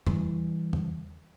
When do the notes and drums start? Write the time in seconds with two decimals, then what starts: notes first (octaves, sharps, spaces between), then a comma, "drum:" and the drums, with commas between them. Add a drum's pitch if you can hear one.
0.07 E3 G3, drum: tom E2
0.73 drum: tom E2